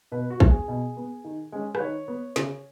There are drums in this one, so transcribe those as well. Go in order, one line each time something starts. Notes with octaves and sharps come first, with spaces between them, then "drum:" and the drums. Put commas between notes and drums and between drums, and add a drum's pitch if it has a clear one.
B2 B4
F#4
B3, drum: kick
G#4
B2
B3
D#3
G#3 C#4
B4, drum: rim click
D#3 C#5
B3
C#3, drum: snare